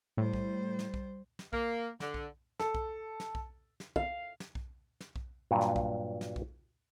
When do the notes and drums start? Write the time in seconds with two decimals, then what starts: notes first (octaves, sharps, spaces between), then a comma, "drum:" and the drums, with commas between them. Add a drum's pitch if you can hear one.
0.17 A2 G3 C5
0.34 drum: kick B1
0.79 drum: snare
0.94 drum: kick B1
1.39 drum: snare
1.53 A#3, drum: kick B1
2.00 D3, drum: snare
2.14 drum: kick B1
2.59 A4, drum: snare
2.75 drum: kick B1
3.20 drum: snare
3.35 drum: kick B1
3.80 drum: snare
3.96 F5, drum: kick B1
4.40 drum: snare
4.55 drum: kick B1
5.01 drum: snare
5.16 drum: kick B1
5.51 G2 A#2 F#3
5.61 drum: snare
5.76 drum: kick B1
6.21 drum: snare
6.36 drum: kick B1